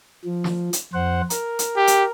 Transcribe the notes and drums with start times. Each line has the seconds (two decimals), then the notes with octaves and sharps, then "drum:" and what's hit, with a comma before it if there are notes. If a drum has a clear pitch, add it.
0.25 F3
0.44 drum: snare
0.73 drum: hi-hat
0.93 F2 C5 F#5
1.30 A#4, drum: hi-hat
1.59 drum: hi-hat
1.76 G4
1.87 drum: hi-hat